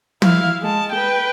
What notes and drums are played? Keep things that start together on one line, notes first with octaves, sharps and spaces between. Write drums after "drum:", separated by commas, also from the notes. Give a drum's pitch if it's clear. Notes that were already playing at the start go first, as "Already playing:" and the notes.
E4 F5, drum: tom
G#3 A5
B4 G5